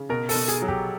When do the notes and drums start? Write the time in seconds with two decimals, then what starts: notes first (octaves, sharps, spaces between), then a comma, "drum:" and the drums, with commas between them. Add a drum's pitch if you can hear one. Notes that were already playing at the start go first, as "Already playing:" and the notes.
Already playing: C#3
0.09 B2 A#4
0.29 A4, drum: open hi-hat
0.35 B2
0.48 G#4, drum: hi-hat
0.62 F#3
0.68 G4, drum: kick